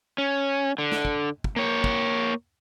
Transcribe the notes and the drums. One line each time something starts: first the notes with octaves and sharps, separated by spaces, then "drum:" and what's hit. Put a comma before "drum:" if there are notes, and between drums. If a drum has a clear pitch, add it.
C#4
D3
drum: snare
drum: kick
drum: kick
A#3 C#5
drum: kick